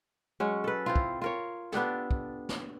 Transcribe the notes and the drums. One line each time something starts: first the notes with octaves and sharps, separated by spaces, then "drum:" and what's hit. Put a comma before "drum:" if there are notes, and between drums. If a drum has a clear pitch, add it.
F#3 G#3 C#4
A4 B4
C4 E4 F4
drum: kick
F4 A#4 C#5
B3 D4 G4 A4, drum: snare
drum: kick
drum: snare